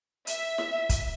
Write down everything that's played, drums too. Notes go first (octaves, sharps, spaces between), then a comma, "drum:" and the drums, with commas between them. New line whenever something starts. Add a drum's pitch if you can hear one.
E5, drum: hi-hat
drum: snare E4
drum: kick, hi-hat